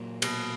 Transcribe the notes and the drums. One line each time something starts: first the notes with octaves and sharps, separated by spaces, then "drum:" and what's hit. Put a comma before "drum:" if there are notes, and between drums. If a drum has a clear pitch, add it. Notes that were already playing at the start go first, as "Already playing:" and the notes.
Already playing: A#2 F#3 A#3
B2, drum: cymbal